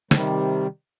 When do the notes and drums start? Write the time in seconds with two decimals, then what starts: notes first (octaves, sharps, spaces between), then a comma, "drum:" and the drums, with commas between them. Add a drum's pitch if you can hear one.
0.11 C3 D#3 G3, drum: snare